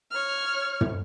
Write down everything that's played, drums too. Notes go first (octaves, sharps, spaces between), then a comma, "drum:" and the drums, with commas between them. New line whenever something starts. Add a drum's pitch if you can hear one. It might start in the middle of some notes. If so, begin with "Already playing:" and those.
C#5 F6
drum: tom